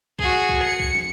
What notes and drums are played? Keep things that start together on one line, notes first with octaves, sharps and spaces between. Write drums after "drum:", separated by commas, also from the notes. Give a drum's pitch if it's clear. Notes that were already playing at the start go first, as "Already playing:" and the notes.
F#4 G#4, drum: kick B1
drum: kick B1
C#7
drum: kick B1
drum: snare